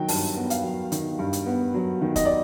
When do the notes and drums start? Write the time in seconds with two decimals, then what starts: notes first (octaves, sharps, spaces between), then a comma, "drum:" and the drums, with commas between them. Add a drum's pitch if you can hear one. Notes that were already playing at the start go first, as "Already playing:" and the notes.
Already playing: D#3 F#3 G5
0.08 G2 A5, drum: open hi-hat
0.36 B3
0.50 F5, drum: hi-hat
0.64 F#3
0.92 D#3, drum: hi-hat
1.19 G2
1.33 drum: hi-hat
1.46 B3
1.74 F#3
2.02 D#3
2.16 D#5, drum: kick F1, hi-hat
2.25 D5